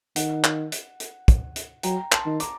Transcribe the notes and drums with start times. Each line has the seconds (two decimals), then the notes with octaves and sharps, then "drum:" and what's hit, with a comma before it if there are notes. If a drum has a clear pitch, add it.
0.16 D#3 F#5, drum: hi-hat
0.44 drum: clap
0.72 drum: hi-hat
1.00 drum: hi-hat
1.28 drum: kick, hi-hat
1.56 drum: hi-hat
1.83 F#3 G5 A#5, drum: hi-hat
2.12 A5 C6, drum: clap
2.26 D#3
2.40 A#5 D6, drum: hi-hat